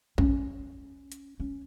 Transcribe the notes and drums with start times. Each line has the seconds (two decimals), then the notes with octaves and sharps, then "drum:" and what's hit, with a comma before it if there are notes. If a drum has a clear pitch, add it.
0.18 C#4, drum: kick
1.12 drum: hi-hat
1.40 C#4